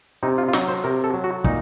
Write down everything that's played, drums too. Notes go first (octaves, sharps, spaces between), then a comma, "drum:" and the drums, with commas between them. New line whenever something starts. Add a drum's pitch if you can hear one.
C3 D#4
F4
F4
F#3 D#4, drum: snare
C5
C3 A#4
A4
F#3
F#4
A#2 D#4, drum: kick